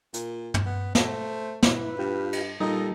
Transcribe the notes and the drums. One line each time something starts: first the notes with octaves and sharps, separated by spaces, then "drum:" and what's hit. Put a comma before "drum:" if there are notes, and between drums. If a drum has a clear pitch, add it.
A#2, drum: hi-hat
drum: tom
B3
A3 C5, drum: snare
E4 B4, drum: snare
G2 F4 G4
drum: cymbal
A#2 G3 D#4 A4 D#5